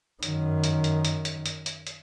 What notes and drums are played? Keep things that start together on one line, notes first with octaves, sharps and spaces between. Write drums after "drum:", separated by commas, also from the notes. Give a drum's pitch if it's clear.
F#2 D#3, drum: hi-hat
drum: hi-hat
drum: hi-hat
drum: hi-hat
drum: hi-hat
drum: hi-hat
drum: hi-hat
drum: hi-hat